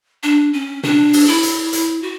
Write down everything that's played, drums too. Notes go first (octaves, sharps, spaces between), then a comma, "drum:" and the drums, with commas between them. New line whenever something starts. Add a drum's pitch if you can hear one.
D4
C#4
D4, drum: tom
drum: open hi-hat
E4
drum: hi-hat
E4, drum: hi-hat
F#4